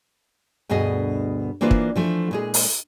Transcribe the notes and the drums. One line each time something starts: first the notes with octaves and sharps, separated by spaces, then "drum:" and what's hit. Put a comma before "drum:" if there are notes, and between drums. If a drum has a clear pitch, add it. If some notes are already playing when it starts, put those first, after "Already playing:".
D2 G2 B2 G#4 D#5
E3 A#3 D4 F4 B4 C5
drum: kick
E3 F3 A3
A#2 G#3 G#4
drum: open hi-hat